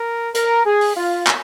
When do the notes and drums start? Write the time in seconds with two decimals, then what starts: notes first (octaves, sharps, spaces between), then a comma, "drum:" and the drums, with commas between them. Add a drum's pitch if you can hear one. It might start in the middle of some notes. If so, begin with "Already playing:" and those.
Already playing: A#4
0.35 A#4, drum: hi-hat
0.66 G#4
0.81 drum: open hi-hat
0.97 F4
1.27 drum: clap